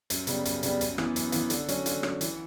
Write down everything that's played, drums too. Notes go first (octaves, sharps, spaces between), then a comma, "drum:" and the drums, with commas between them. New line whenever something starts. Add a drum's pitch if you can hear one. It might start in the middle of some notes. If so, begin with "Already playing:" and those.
F#2, drum: hi-hat
C#3 G3 B3, drum: hi-hat
F#2, drum: hi-hat
C#3 G3 B3, drum: hi-hat
F#2, drum: hi-hat
E3 B3, drum: rim click
F#2, drum: hi-hat
E3 B3, drum: hi-hat
D3, drum: hi-hat
F#3 C#4, drum: hi-hat
D3, drum: hi-hat
F#3 C#4, drum: rim click
E3, drum: hi-hat